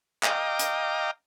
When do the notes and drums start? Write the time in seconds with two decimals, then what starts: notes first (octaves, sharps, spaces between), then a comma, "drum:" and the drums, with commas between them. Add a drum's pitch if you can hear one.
0.23 D#5 F5 G5 A#5 D6, drum: clap
0.59 drum: hi-hat